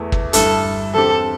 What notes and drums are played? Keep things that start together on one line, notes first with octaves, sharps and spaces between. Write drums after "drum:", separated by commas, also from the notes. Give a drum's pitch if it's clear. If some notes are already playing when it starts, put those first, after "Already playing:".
Already playing: E2 E3 A3
drum: kick
G2 D3 A3 E4 A4, drum: hi-hat
E2 D3 C4 G4 A4